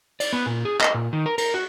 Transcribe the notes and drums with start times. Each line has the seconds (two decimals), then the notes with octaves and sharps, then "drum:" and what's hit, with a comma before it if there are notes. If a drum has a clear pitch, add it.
0.20 D5, drum: cymbal
0.33 B3
0.46 A#2
0.65 G#4
0.81 D#5, drum: clap
0.94 A#2
1.13 D#3
1.26 A#4
1.38 A#4, drum: cymbal
1.54 F#4